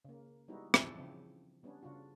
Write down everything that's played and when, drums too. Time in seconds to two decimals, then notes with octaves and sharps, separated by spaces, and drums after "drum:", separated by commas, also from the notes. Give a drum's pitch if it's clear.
0.05 C#3 A#3
0.48 G3 G#3 B3 D#4 E4 F#4
0.74 C#3 E3 F3 D4 E4 A4, drum: rim click
0.97 C#3 F3 C4
1.63 G3 B3 C#4 D4
1.83 C#3 D4 F4 F#4